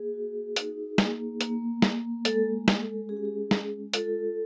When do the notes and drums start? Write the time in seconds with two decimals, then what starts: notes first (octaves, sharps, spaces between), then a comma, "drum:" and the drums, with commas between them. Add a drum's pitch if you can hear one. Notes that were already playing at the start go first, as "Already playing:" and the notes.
Already playing: A#3 G#4
0.14 F#4
0.56 D#4, drum: hi-hat
0.98 A#3, drum: snare
1.41 A#3, drum: hi-hat
1.82 A#3, drum: snare
2.25 G#3 A4, drum: hi-hat
2.68 G#3, drum: snare
2.81 A4
3.09 C#4 G#4
3.17 G4
3.25 G#4
3.51 G#3, drum: snare
3.93 F4 A4, drum: hi-hat